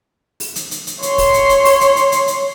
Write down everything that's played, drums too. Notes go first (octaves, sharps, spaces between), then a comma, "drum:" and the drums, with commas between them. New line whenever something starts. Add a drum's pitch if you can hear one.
drum: open hi-hat
drum: hi-hat
drum: hi-hat
drum: hi-hat
C#5 C6, drum: hi-hat
drum: kick, open hi-hat
drum: hi-hat
drum: hi-hat
drum: open hi-hat
drum: hi-hat
drum: hi-hat
drum: hi-hat
drum: hi-hat